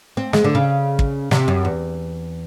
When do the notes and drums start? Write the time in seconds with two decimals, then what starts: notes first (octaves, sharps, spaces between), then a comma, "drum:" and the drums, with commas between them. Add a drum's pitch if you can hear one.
0.17 C4
0.33 G#3, drum: snare
0.44 D3
0.55 C#3
0.99 drum: kick
1.31 C3, drum: snare
1.48 F#2
1.65 E2